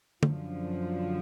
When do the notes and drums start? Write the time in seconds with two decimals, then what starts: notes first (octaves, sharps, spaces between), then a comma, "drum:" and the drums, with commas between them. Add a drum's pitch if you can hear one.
0.23 F#2 D3 F3, drum: tom